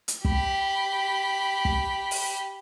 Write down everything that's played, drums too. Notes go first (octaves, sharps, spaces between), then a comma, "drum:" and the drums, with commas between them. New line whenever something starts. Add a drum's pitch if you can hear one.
drum: hi-hat
G4 B5, drum: kick
drum: kick
drum: open hi-hat